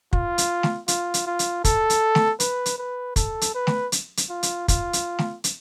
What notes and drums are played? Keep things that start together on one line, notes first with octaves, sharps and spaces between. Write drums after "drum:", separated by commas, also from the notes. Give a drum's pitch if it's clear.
F4, drum: kick
drum: hi-hat
drum: snare A3
F4, drum: hi-hat
drum: hi-hat
F4
drum: hi-hat
A4, drum: kick, hi-hat
drum: hi-hat
drum: snare A3
B4, drum: hi-hat
drum: hi-hat
B4
A4, drum: kick, hi-hat
drum: hi-hat
B4
drum: snare A3
drum: hi-hat
drum: hi-hat
F4
drum: hi-hat
F4, drum: kick, hi-hat
drum: hi-hat
drum: snare A3
drum: hi-hat